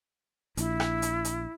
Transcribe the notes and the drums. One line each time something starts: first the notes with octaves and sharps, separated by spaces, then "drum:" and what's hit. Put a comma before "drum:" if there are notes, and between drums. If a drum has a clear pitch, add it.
A#1 E4, drum: hi-hat
drum: rim click
drum: hi-hat
drum: hi-hat